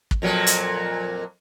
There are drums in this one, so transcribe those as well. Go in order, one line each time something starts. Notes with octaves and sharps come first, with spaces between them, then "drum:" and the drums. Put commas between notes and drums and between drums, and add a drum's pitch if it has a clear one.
drum: kick
F2 A#2 F#3
drum: hi-hat